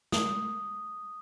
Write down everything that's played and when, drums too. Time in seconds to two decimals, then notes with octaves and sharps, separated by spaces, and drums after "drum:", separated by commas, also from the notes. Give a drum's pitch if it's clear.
0.12 D#6, drum: snare